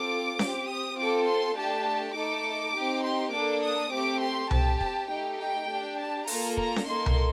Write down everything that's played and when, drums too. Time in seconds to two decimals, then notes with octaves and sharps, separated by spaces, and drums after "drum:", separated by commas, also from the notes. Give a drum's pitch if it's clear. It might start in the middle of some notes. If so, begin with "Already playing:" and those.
Already playing: C4 F4 A4 D6
0.39 C4 G4, drum: snare C#4
0.69 D#6
0.98 C4 F4 A4 D6
1.28 C6
1.56 A3 D4 G4 A5
2.15 A3 D#4 A4 D6
2.74 C4 D#4 G4
3.04 C6
3.33 A#3 D4 A4 D6
3.63 D#6
3.92 A3 C4 G4 D6
4.22 C6
4.51 C4 G4 A5, drum: tom C2
4.80 A5, drum: kick
5.10 A3 D#4 G4 G5
5.39 G5
5.69 D4 G4
5.99 A5
6.27 A#3 F4 A4 A#5, drum: open hi-hat
6.57 A#5, drum: kick
6.76 drum: snare C#4
6.87 A#3 D#4 A4 C6
7.06 drum: tom C2